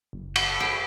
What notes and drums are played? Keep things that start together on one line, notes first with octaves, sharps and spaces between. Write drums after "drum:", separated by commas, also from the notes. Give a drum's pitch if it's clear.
F#1
F#4 A4 A5 B5, drum: cymbal
G#4 B4 D#5 G5